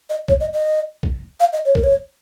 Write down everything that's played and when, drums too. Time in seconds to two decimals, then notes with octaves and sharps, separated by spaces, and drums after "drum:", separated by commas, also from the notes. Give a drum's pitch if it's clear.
0.10 D#5
0.28 C#5, drum: kick B1
0.40 D#5
0.54 D#5
1.03 drum: kick B1
1.40 F5
1.53 D#5
1.65 C#5
1.75 A#4, drum: kick B1
1.84 C#5